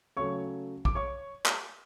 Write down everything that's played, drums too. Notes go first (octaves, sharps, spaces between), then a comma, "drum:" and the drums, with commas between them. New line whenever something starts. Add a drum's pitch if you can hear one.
C#3 F#3 A3 C#5 C#6
D6, drum: kick
C#5 C#6
drum: clap